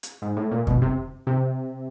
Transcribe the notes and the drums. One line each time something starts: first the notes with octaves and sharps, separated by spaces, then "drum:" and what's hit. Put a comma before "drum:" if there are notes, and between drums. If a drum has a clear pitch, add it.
drum: hi-hat
G#2
A2
A#2
B2, drum: kick F#2
C3
C3